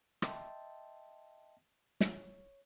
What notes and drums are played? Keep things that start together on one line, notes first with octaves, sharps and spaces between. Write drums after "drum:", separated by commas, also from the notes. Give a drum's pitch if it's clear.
D#5 E5 G5 A5 C6, drum: rim click
C#5, drum: snare